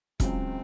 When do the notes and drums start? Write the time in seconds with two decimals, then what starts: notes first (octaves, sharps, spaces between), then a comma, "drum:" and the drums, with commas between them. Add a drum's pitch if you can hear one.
0.20 C#2 C#3 F#3 C4, drum: kick E1, hi-hat